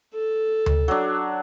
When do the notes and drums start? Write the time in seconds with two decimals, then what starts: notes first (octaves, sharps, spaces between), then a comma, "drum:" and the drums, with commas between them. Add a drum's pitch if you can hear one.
0.14 A4
0.66 drum: tom D2
0.88 F#3 D4